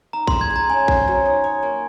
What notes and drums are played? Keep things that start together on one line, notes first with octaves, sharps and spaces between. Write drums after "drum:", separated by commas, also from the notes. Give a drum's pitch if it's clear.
D#4 A#5
G#3 C6, drum: kick
G#6
G#3
A#5
C#4 G#5
C5, drum: kick
F#3
D#4
C#5
A#3